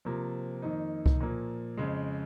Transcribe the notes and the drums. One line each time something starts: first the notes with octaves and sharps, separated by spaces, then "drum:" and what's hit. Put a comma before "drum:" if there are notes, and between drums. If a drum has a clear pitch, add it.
C3 F3 A#3
F2 D#3 A#3 D#4
drum: kick C2
A#2 F3 A#3
F2 C#3 G#3